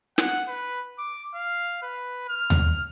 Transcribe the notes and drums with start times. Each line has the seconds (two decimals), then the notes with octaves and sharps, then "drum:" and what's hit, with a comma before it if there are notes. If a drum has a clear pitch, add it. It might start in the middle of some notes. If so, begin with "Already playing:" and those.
0.18 F#5, drum: snare
0.47 B4
0.98 D6
1.35 F5
1.82 B4
2.28 F6
2.50 drum: tom D#2